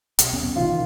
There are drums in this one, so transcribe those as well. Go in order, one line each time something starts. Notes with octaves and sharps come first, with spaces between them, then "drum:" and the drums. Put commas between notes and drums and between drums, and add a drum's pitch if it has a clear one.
B1, drum: hi-hat
D#1 B3 C#4
C3 D#3 E3 F4